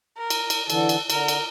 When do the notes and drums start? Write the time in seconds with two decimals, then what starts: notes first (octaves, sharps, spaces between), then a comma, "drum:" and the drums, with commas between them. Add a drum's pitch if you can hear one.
0.18 A#4
0.30 drum: cymbal
0.50 drum: cymbal
0.70 D3 E3 A4, drum: cymbal
0.89 drum: cymbal
1.10 D3 A#4, drum: cymbal
1.28 drum: cymbal